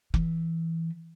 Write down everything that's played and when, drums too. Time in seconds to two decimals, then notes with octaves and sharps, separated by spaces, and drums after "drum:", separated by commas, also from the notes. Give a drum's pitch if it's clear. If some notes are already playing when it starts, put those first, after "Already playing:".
0.14 E3, drum: kick F1